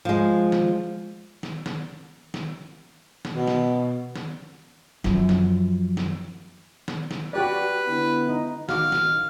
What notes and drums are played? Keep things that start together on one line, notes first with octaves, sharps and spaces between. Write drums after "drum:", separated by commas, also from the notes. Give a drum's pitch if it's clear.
F3 G#3
drum: snare
drum: snare
drum: snare
drum: snare
drum: snare
B2
drum: snare
drum: snare
F#2 F3, drum: snare
drum: snare
drum: snare
drum: snare
drum: snare
F#4 G4 B4 D5
D3 B3 E4
D#4
A1 D#3 F#4 F5 D6, drum: snare
drum: snare